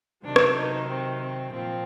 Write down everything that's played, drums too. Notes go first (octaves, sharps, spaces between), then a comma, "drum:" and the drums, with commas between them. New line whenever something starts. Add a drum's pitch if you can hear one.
C3 D#3 F#3 D4
drum: rim click
D#4
C4
C4
A#2 F3 C4